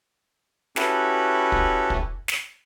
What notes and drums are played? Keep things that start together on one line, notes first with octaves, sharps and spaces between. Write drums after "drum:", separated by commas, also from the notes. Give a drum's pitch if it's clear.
C#4 E4 F#4 G4 A4 B4, drum: snare
drum: kick
drum: kick
drum: snare